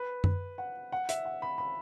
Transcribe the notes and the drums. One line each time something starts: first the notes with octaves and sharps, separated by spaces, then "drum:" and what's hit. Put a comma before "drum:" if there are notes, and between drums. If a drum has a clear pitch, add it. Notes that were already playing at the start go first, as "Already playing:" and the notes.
Already playing: B4
drum: tom F#2
F#5
F#5
E5, drum: hi-hat
F#5
B5
B5